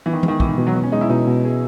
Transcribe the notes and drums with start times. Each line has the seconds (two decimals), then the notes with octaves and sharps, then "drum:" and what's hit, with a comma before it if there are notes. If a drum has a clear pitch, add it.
0.06 E3 B3
0.13 D#3
0.23 G#3, drum: tom E3
0.28 D#3
0.40 B2 E3, drum: kick
0.49 D#3
0.58 B2 E3
0.67 F#3
0.75 B3
0.84 C#4
0.92 G#3 D#4
1.01 E4
1.10 B2 D#4
1.27 B2
1.45 G#4